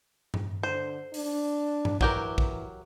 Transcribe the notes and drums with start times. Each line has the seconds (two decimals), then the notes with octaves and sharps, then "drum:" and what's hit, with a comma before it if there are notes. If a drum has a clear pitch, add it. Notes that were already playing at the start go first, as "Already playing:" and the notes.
0.34 drum: tom G2
0.63 D3 C5
1.14 D4, drum: open hi-hat
1.85 drum: tom G2
2.01 E3 F#3 G4 A#4, drum: kick
2.38 drum: kick